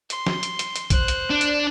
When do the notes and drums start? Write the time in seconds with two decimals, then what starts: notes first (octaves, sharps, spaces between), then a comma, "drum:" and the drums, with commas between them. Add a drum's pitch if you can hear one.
0.10 C6, drum: hi-hat
0.26 drum: snare
0.43 drum: hi-hat
0.59 drum: hi-hat
0.76 drum: hi-hat
0.90 C5 F#6, drum: kick A#1, hi-hat
1.08 drum: hi-hat
1.30 D4
1.41 drum: hi-hat